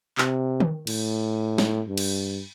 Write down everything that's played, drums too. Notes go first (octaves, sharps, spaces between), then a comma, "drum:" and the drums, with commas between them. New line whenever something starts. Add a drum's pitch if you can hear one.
C3, drum: clap
drum: tom D#3
A2, drum: cymbal
drum: snare
G2
drum: cymbal